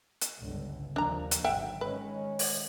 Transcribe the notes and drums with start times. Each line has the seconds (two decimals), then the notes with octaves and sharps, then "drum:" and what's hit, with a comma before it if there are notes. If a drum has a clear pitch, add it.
0.21 drum: hi-hat
0.39 G1 C#2 D3
0.96 D#2 F3 A#3 D4 A#5
1.31 drum: hi-hat
1.44 G#1 D3 F#3 E5 F#5 G5
1.81 D#3 G#3 C#4 B4
2.39 drum: open hi-hat